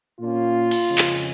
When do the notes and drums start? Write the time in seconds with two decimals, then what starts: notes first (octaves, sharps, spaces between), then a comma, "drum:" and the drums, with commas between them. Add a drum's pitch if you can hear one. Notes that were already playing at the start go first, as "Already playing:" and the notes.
0.19 A#2 A#3 C#4 F4
0.71 drum: cymbal
0.87 F2 C#3 G#3 C#4
0.98 drum: clap